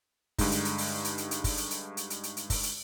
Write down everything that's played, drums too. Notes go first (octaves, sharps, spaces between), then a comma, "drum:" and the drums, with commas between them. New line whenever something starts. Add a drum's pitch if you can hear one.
G2 D3 G#3 D#4, drum: kick, open hi-hat
drum: hi-hat
drum: hi-hat
drum: open hi-hat
drum: hi-hat
drum: hi-hat
drum: hi-hat
drum: kick, open hi-hat
drum: hi-hat
drum: hi-hat
drum: hi-hat
drum: hi-hat
drum: hi-hat
drum: hi-hat
drum: kick, open hi-hat
drum: hi-hat